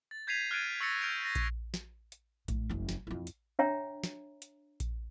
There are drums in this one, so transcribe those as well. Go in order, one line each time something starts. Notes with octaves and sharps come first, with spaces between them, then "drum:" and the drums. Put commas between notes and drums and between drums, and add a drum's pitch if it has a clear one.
A6
G6 G#6 B6 C7 D#7 F7
F6 F#6 G#6 A6 D7 D#7
C#6 E6 A6 A#6 C#7
F6 G6 D7 F7
A6 A#6
drum: kick A#1, hi-hat
drum: snare
drum: hi-hat
A2, drum: kick A#1, hi-hat
F#1 C#4
drum: snare
F2 E4
drum: hi-hat
D4 C#5 E5 G5 A#5
drum: snare
drum: hi-hat
drum: kick A#1, hi-hat